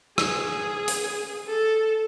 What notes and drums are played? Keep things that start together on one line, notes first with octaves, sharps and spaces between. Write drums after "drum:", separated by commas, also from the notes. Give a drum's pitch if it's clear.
G#4, drum: rim click
drum: hi-hat
A4